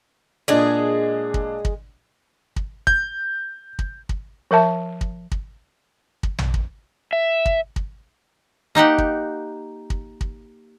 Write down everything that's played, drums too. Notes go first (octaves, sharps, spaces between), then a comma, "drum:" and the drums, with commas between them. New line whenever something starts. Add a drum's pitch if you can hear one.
A#2 G#3 D4 G#4 D5
drum: kick
drum: kick
drum: kick
G6, drum: kick
drum: kick
drum: kick
F3 A#4 E5 A5
drum: kick
drum: kick
drum: kick
drum: tom
drum: kick
E5
drum: kick
drum: kick
A#3 D#4 G4 F#5
drum: kick
drum: kick
drum: kick